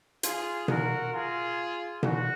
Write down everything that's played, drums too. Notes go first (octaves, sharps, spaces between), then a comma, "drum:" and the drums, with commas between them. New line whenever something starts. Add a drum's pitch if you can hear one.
F4 G#4, drum: hi-hat
F#4 A#4, drum: tom B2
F4 G#4
F#4, drum: tom B2